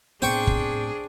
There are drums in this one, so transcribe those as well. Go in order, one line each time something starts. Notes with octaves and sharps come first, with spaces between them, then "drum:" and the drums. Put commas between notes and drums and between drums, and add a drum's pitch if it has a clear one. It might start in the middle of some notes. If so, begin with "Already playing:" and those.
A2 B3 C4 D4 G#4 C5 G5 C#6
drum: kick